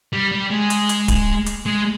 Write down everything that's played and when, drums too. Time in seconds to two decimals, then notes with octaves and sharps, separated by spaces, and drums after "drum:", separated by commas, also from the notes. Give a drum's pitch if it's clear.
0.13 G3
0.32 G3
0.51 G#3
0.70 drum: hi-hat
0.89 drum: hi-hat
1.08 drum: kick D1, hi-hat
1.46 drum: hi-hat
1.66 G#3